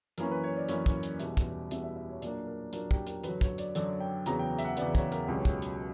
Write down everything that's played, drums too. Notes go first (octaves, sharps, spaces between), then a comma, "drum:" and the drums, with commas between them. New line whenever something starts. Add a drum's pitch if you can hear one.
F#2 E3 A#3 C#4 A#4, drum: hi-hat
B4
C#5
D5
F#2 E3 A#3 C#4, drum: hi-hat
drum: kick, hi-hat
drum: hi-hat
E2 B2 G3 E5, drum: hi-hat
drum: kick, hi-hat
E2 B2 G3 E5, drum: hi-hat
E5
E5
C#5
A#2 F#3 A#3 D4 D5, drum: hi-hat
A#4
A#2 F#3 A#3 D4 A#4, drum: hi-hat
G4, drum: kick
A#4, drum: hi-hat
F#2 D3 F#3 B4, drum: hi-hat
C#5, drum: kick, hi-hat
D5, drum: hi-hat
F#2 D3 F#3 D5, drum: hi-hat
G5
E2 C#3 F#3 B3 A#5, drum: hi-hat
G5
E5, drum: hi-hat
F#5
E2 C#3 F#3 B3 D5, drum: hi-hat
C#5, drum: kick, hi-hat
A#4, drum: hi-hat
C#2 B2 F#3 C#4 G4
drum: kick, hi-hat
drum: hi-hat